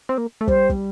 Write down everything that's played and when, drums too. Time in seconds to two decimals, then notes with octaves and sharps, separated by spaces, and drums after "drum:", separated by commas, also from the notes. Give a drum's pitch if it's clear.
0.09 C4
0.18 A#3
0.41 A3
0.48 G3 C5, drum: kick
0.70 drum: kick